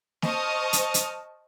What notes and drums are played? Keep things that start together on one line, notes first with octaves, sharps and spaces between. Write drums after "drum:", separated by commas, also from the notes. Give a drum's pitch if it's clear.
C5 D#5 A5 C#6 D#6 F6, drum: snare
drum: hi-hat
drum: hi-hat